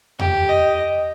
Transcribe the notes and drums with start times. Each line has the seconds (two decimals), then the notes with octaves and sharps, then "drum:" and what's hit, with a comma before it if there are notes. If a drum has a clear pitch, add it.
0.19 G4, drum: tom E2
0.49 D#5